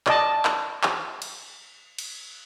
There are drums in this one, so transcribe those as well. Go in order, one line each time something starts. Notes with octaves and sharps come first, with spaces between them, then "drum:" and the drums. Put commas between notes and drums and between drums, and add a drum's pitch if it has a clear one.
D5 D#5 A5, drum: clap
drum: clap
drum: clap
drum: cymbal
drum: cymbal